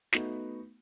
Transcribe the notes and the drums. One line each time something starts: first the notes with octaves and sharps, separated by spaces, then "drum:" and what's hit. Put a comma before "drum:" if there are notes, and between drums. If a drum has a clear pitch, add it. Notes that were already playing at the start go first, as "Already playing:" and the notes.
A3 B3 D#4 F#4, drum: snare